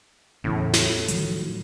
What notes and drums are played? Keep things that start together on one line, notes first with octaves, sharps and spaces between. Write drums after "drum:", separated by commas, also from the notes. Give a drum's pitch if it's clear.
E2 A2 C#3
drum: snare
D#3 F3 F#3, drum: hi-hat